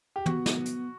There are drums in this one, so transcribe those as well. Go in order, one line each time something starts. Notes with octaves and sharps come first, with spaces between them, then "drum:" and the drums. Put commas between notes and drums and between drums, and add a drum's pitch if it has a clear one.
G4
B3 F#4, drum: tom
drum: snare
drum: hi-hat